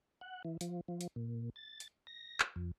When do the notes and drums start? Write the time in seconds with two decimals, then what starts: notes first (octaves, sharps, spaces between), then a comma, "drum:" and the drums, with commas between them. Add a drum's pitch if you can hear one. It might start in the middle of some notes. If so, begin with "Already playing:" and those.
0.21 F#5
0.45 E3
0.61 F3, drum: hi-hat
0.88 F3
1.01 drum: hi-hat
1.16 A#2
1.56 A6
1.80 drum: hi-hat
2.07 A#6
2.40 drum: clap
2.56 F2